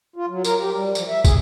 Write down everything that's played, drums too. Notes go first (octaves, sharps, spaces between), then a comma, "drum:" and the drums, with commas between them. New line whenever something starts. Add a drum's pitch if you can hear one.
F4
F#3
A#4, drum: tambourine
G4
G3
F3, drum: tambourine
E5
G#4, drum: kick, tambourine